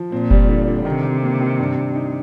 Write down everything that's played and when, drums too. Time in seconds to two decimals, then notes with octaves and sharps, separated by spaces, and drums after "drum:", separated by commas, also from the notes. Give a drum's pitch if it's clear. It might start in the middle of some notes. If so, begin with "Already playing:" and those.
Already playing: F3
0.12 A#2 C4
0.31 G3, drum: kick F1
0.49 D3
0.68 D3
0.85 C3 D#3
1.04 D#3
1.22 A#3
1.41 D#3
1.59 G2
1.77 G2
1.96 D#4